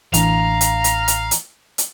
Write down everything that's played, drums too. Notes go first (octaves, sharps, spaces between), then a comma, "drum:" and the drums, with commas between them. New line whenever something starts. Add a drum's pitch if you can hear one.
A1 E3 D4 F5 A#5, drum: hi-hat
drum: hi-hat
drum: hi-hat
drum: hi-hat
drum: hi-hat
drum: hi-hat